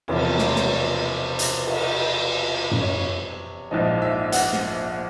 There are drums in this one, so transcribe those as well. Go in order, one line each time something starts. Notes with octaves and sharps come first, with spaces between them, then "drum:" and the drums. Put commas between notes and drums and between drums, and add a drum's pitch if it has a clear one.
E1 E2 C3 F3 C#5, drum: cymbal
C#5, drum: snare
C5
C#5, drum: snare
D5
drum: hi-hat
drum: cymbal
drum: tom F#2
C#5
A#1 G#2 F3 D#5
E5
F#5, drum: hi-hat
drum: snare